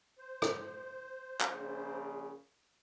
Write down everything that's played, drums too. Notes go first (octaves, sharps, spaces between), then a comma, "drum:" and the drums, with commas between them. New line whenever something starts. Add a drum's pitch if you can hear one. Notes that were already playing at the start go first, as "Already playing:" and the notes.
C5
drum: rim click
drum: clap
A#1 C#3